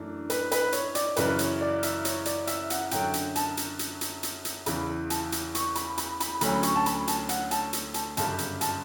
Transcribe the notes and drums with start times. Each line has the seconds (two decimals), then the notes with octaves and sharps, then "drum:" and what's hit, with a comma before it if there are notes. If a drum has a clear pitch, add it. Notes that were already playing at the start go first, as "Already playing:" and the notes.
Already playing: F#2 E3 A3 D4
0.30 B4, drum: hi-hat
0.52 B4, drum: hi-hat
0.72 C#5, drum: hi-hat
0.95 D5, drum: hi-hat
1.16 F#2 C#3 E3 B4, drum: hi-hat
1.39 C#5, drum: hi-hat
1.61 D5
1.83 E5, drum: hi-hat
2.05 C#5, drum: hi-hat
2.25 D5, drum: hi-hat
2.47 E5, drum: hi-hat
2.70 F#5, drum: hi-hat
2.91 F#2 D3 F#3 G5, drum: hi-hat
3.14 drum: hi-hat
3.36 A5, drum: hi-hat
3.57 drum: hi-hat
3.79 drum: hi-hat
4.01 drum: hi-hat
4.23 drum: hi-hat
4.45 drum: hi-hat
4.66 E2 C#3 E3 B5, drum: hi-hat
5.10 A5, drum: hi-hat
5.32 drum: hi-hat
5.55 C#6, drum: hi-hat
5.75 B5, drum: hi-hat
5.98 B5, drum: hi-hat
6.20 B5, drum: hi-hat
6.41 D2 D3 F#3 C#4 B5, drum: hi-hat
6.63 C#6, drum: hi-hat
6.76 A5
6.86 B5, drum: hi-hat
7.08 A5, drum: hi-hat
7.29 F#5, drum: hi-hat
7.51 A5, drum: hi-hat
7.73 drum: hi-hat
7.94 A5, drum: hi-hat
8.17 G1 F#2 C#3 G3 A5, drum: hi-hat
8.38 drum: hi-hat
8.61 A5, drum: hi-hat